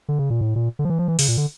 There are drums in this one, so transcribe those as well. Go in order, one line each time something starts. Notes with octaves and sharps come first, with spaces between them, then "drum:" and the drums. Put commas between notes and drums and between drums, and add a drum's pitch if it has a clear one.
D3
C#3
A#2
A2
A#2
D3
F3
E3
F3
E3
C#3, drum: open hi-hat
A#2
D3